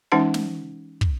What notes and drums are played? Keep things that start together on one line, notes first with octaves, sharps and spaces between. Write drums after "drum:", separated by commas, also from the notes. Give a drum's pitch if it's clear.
E3 G#3 C#4 D#4 F#5 A5
drum: snare
drum: kick